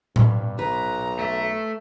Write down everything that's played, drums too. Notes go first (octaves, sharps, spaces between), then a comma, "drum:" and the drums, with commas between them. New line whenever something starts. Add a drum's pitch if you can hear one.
G2, drum: tom A2
B1 B4 A#5
A3 E5